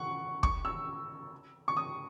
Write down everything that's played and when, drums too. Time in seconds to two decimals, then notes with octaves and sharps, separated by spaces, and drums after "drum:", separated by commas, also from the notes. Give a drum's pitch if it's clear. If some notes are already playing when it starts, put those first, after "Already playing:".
Already playing: F#5 C#6
0.43 C#6, drum: kick
0.65 E6
1.68 C#6
1.77 D#6